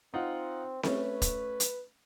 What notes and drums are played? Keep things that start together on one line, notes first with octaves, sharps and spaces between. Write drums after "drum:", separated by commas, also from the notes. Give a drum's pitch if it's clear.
C4 D#4 F4 F#5
A3 C#4 B4, drum: snare C4
drum: kick, hi-hat
drum: hi-hat